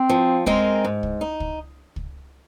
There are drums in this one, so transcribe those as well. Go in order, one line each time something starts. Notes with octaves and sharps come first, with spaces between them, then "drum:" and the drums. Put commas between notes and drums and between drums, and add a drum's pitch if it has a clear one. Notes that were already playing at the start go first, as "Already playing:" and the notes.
Already playing: C4
F3
G#3 C4 D#4 A#4, drum: kick
G#2
drum: kick
D#4
drum: kick
drum: kick